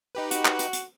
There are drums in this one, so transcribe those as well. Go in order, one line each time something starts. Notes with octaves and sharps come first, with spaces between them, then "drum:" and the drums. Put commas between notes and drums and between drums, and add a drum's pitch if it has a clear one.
D#4 G4 B4
F#4, drum: hi-hat
drum: clap
drum: hi-hat
drum: hi-hat